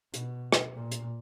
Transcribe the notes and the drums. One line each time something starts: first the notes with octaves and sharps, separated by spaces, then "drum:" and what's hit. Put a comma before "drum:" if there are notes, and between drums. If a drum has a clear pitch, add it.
B2, drum: hi-hat
drum: rim click
A#2
drum: hi-hat